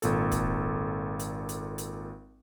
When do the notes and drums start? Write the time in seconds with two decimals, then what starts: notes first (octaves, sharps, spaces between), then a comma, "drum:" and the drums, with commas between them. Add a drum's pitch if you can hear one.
0.02 G#1 A#2 A4, drum: hi-hat
0.31 drum: kick, hi-hat
1.19 drum: hi-hat
1.49 drum: hi-hat
1.78 drum: hi-hat